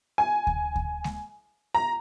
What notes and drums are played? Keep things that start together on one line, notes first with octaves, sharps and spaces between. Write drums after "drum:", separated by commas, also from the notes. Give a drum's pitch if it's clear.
G#5
drum: kick D2
drum: kick D2
drum: snare G#3
A#5